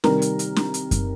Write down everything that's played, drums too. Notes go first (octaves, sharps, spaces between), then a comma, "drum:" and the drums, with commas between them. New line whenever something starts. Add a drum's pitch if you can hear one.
C3 D#3 G3 A#4, drum: snare
drum: hi-hat
drum: hi-hat
drum: snare
drum: hi-hat
drum: kick F#2, hi-hat